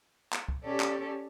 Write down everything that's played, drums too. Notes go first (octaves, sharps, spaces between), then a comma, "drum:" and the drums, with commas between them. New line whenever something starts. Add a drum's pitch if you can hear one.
drum: clap
drum: kick
C#4 G4 A4 C#5 D5 A5
drum: clap